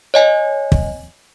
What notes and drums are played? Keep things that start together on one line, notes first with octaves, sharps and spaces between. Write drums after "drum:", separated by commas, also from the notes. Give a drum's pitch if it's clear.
C#5 D#5 G#5
drum: kick